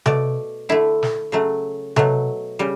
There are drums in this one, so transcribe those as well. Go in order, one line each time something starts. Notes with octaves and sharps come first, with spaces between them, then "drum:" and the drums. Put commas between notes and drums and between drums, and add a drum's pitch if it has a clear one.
B2 A3 D5, drum: tom C3
D3 A3 E4
drum: snare
C#3 F#3 A3
B2 F#3 A3, drum: tom C3
C#3 G3